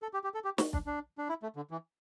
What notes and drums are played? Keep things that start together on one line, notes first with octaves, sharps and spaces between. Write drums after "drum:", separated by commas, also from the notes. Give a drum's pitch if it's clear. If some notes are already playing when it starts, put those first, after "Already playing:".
A4
G4
G4
A4
G4
F#4, drum: snare
D4, drum: kick
D4
D4
E4
A3
D3
E3